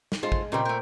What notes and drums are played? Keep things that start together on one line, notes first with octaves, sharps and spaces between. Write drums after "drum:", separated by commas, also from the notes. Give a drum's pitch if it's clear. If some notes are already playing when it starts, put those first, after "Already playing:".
drum: snare
G#3 F4 A4 C5
drum: kick
A#2 C#3 G3 C4 D#5 A#5
A3 A#4 G6